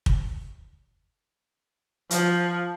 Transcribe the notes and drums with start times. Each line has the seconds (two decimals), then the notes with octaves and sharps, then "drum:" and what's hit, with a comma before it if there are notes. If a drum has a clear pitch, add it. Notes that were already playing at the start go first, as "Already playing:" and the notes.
0.06 drum: kick
2.11 F3, drum: hi-hat